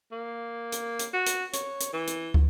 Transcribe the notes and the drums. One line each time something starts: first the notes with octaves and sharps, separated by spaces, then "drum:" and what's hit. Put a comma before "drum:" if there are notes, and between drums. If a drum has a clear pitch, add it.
A#3
drum: hi-hat
drum: hi-hat
F#4
drum: hi-hat
C#5, drum: hi-hat
drum: hi-hat
E3
drum: hi-hat
drum: kick